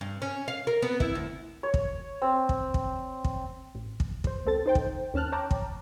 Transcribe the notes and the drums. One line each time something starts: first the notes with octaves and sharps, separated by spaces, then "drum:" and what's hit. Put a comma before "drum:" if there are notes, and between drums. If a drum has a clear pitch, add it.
G2
C#4
F5
A#4
B3
E4, drum: kick
D2
C#5
drum: kick
C4
drum: kick
drum: kick
drum: kick
A1
drum: kick
E2 C5, drum: kick
C#2 C4 A4 A6
D#4 C5 G5
drum: kick
D#2 C#4 A5 F6 F#6
C#5 G5 A5 A#5 D6
drum: kick